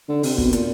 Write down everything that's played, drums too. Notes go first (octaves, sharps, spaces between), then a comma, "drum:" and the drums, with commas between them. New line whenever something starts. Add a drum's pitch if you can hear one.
D3
C3, drum: open hi-hat
B2, drum: kick
A#2, drum: hi-hat